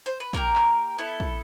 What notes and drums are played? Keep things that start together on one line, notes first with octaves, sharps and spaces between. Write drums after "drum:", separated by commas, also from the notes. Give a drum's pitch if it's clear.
C5
B4
A#3 D4 G4 A#4, drum: kick
drum: clap
B3 E4 A4
drum: kick